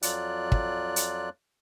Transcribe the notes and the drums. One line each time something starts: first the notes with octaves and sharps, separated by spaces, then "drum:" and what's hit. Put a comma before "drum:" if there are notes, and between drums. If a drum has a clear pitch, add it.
F2 F#3 F4 D5 F#6, drum: hi-hat
drum: kick
drum: hi-hat